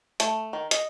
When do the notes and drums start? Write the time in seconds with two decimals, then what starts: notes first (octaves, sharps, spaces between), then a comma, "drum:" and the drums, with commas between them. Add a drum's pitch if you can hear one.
0.20 A3, drum: hi-hat
0.53 D#3
0.71 D#5, drum: hi-hat